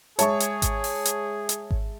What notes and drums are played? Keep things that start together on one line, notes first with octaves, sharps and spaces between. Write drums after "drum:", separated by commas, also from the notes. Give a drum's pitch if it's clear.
G#3 G#4 C#5 E5 A5 C#6, drum: hi-hat
drum: hi-hat
drum: kick G#1, hi-hat
drum: open hi-hat
drum: hi-hat
drum: hi-hat
drum: kick G#1